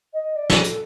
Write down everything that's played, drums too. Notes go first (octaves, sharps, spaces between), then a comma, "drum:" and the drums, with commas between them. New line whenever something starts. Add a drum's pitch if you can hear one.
D#5
D5
A4, drum: snare
A4, drum: hi-hat